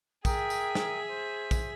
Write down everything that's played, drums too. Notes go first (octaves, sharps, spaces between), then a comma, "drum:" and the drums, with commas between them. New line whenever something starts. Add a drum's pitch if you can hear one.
G#4 A#4 E5 G5 D#6, drum: kick A#1, tambourine
drum: tambourine
drum: snare
C5
drum: kick A#1, tambourine